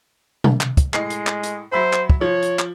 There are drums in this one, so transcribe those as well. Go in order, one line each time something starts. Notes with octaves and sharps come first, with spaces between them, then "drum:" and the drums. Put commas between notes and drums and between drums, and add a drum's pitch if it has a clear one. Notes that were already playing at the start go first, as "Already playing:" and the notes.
drum: tom B2
drum: clap
drum: kick, hi-hat
A2 G#3 D#5 C7, drum: clap
drum: hi-hat
drum: clap
drum: hi-hat
F#3 C5 E5 B5
drum: clap
drum: kick
F3 C#5
drum: hi-hat
drum: clap